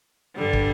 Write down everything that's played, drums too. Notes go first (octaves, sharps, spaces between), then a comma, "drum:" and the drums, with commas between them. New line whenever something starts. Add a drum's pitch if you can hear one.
G2 D3 G3
drum: kick